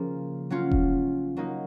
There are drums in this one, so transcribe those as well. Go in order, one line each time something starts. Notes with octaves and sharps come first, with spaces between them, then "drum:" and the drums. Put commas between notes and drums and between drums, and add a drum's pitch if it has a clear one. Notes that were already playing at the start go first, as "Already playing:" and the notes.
Already playing: C#3 F3 A#3
F#3 C#4 F4
drum: kick E1
F#3 A#3 D#4